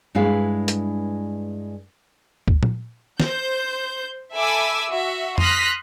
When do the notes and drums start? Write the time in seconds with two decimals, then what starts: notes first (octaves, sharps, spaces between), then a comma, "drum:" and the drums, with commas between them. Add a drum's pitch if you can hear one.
0.15 G2 G#3 E4 B4 F5
0.68 drum: hi-hat
2.48 drum: kick
2.63 drum: tom
3.20 C5 G6, drum: snare
4.34 A4 E5 G#5 B5 D6 E6
4.89 F#4 E5
5.38 C6 D#6 F6 F#6 A#6 B6, drum: tom F2